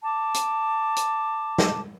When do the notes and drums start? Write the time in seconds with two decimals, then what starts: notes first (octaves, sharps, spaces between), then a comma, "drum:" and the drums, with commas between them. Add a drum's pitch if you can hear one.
0.03 A5 D6
0.34 drum: hi-hat
0.96 drum: hi-hat
1.58 drum: snare